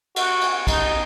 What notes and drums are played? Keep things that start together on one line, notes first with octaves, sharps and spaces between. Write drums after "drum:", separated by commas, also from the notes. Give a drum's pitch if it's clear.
F#4, drum: cymbal
drum: cymbal
D#4, drum: kick, cymbal